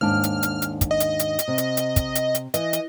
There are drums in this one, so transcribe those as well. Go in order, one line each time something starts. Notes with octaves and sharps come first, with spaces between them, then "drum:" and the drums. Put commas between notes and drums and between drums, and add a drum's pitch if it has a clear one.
D#2 G#2 D4 F6
drum: hi-hat
drum: hi-hat
drum: hi-hat
drum: kick, hi-hat
D#5
drum: hi-hat
drum: hi-hat
drum: hi-hat
C3
drum: hi-hat
drum: hi-hat
drum: kick, hi-hat
drum: hi-hat
drum: hi-hat
E3 D#5, drum: hi-hat
drum: hi-hat